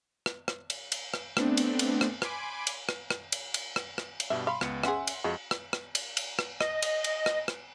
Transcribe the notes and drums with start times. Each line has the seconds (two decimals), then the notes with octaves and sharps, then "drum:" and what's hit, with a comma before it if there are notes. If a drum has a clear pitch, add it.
0.26 drum: rim click
0.48 drum: rim click
0.70 drum: cymbal
0.92 drum: cymbal
1.14 drum: rim click
1.37 A3 B3 C4 D4, drum: rim click
1.57 drum: cymbal
1.79 drum: cymbal
2.01 drum: rim click
2.22 G#5 B5 C6 D6 D7, drum: rim click
2.67 drum: cymbal
2.89 drum: rim click
3.10 drum: rim click
3.32 drum: cymbal
3.54 drum: cymbal
3.76 drum: rim click
3.98 drum: rim click
4.20 drum: cymbal
4.30 G2 B2 G3 E5
4.47 F5 B5 C6
4.61 C#2 B3 C#7, drum: rim click
4.83 C#4 G#4 E5 F#5 C6, drum: rim click
5.07 drum: cymbal
5.24 F2 G#3 F4 F#4
5.51 drum: rim click
5.73 drum: rim click
5.95 drum: cymbal
6.17 drum: cymbal
6.39 drum: rim click
6.61 D#5, drum: rim click
6.82 drum: cymbal
7.04 drum: cymbal
7.26 drum: rim click
7.48 drum: rim click